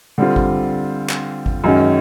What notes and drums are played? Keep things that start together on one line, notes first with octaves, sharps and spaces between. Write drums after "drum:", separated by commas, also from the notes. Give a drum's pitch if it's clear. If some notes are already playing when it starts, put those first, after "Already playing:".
D3 G3 C4 F4
drum: kick G#1
drum: clap
drum: kick G#1
F#2 D#3 G#3 C#4 F#4